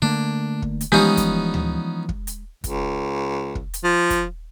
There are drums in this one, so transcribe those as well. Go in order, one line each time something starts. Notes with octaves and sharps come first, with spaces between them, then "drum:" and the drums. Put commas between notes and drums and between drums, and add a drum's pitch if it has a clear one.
D3 A3 A#3 D4
drum: kick
drum: hi-hat
E3 F3 G3 G#3 B3 C#4 D#4 G4
drum: kick, hi-hat
drum: tom D2
drum: kick
drum: hi-hat
C#2, drum: kick, hi-hat
drum: kick
drum: hi-hat
F3
drum: kick, hi-hat